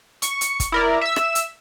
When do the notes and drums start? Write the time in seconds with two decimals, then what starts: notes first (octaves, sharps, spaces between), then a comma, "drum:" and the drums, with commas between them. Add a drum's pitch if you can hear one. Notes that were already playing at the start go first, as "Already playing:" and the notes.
0.22 C#6, drum: hi-hat
0.41 drum: hi-hat
0.60 drum: kick, hi-hat
0.72 E4 A#4 D5
1.01 E5 E6
1.16 drum: rim click
1.35 drum: hi-hat